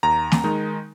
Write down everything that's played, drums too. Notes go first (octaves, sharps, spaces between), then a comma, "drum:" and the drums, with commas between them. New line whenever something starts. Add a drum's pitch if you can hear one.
D#2 A#5
drum: snare
D#3 G#3 D#4